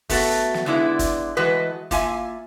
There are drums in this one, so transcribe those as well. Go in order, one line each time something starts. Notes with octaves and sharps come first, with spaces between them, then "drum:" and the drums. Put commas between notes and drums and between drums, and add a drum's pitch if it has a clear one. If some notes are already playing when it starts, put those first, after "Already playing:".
A3 B3 F#4 A4, drum: kick, open hi-hat
drum: snare
D3 G#3 B3 E4 D5
drum: kick, hi-hat
E3 G#3 A3 F#4 B4 D#5
A#3 F4 E5 G#5, drum: kick, hi-hat